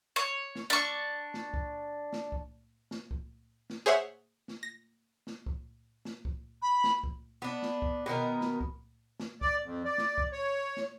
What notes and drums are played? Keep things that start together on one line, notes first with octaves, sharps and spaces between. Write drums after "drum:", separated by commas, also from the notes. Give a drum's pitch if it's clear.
C#5
drum: snare
D4 C#6
drum: snare
drum: kick C2
drum: snare
drum: kick C2
drum: snare
drum: kick C2
drum: snare
G#4 C5 C#5 E5 F#5
drum: snare
A#6
drum: snare
drum: kick C2
drum: snare
drum: kick C2
B5
drum: snare
drum: kick C2
B3 D4
drum: snare
drum: kick C2
B2 D#3 B3 A#4
drum: snare
drum: kick C2
drum: snare
D5, drum: kick C2
F2
D5
drum: snare
drum: kick C2
C#5
drum: snare